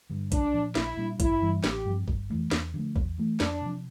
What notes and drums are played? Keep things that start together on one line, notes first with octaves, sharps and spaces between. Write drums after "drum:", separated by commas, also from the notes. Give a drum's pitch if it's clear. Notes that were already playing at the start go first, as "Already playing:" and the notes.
G2 D3
C2 D4, drum: kick A#1, hi-hat
A#2 F3
A#1 E4, drum: snare
A#2 G3 D4
G1 E4, drum: kick A#1, hi-hat
G2 E3 G3
A1 G4, drum: snare
G2 F3 C4
G1, drum: kick A#1
F2 E3 A3
E2, drum: snare
D3 F3 A3
E2, drum: kick A#1
E3 A3
F2 D4, drum: snare
C3 F3